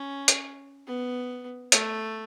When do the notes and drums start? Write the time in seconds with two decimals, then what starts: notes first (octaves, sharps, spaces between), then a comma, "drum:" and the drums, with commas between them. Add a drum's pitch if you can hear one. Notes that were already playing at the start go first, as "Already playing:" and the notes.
Already playing: C#4
0.28 drum: hi-hat
0.87 B3
1.72 A3, drum: hi-hat